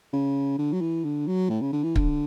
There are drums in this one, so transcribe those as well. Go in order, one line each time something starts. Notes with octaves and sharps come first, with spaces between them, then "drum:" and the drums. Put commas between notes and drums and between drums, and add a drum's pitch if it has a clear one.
C#3
D3
F#3
E3
D3
F#3
A2
C#3
D3
E3
D3, drum: kick